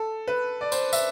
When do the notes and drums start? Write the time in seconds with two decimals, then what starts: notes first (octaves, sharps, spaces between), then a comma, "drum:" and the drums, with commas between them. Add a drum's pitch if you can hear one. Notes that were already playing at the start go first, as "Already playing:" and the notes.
Already playing: A4
0.28 B4
0.61 D5
0.72 C5, drum: tambourine
0.93 E5, drum: tambourine